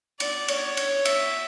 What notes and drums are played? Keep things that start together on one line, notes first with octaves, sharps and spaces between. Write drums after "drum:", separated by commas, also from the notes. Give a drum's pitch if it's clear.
D5, drum: cymbal
C#5, drum: cymbal
drum: cymbal
E5, drum: cymbal